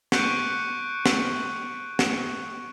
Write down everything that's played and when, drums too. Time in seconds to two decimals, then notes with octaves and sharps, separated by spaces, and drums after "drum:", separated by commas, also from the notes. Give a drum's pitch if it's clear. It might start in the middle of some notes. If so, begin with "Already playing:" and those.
0.12 C#6 D6 F#6 G6 C#7 D7, drum: snare
1.06 drum: snare
1.99 drum: snare